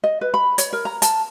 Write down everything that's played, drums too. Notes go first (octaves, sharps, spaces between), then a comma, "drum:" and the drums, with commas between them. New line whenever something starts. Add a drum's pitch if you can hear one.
D#5
B4
B5
C#5, drum: hi-hat
A#4
A#5
A5, drum: hi-hat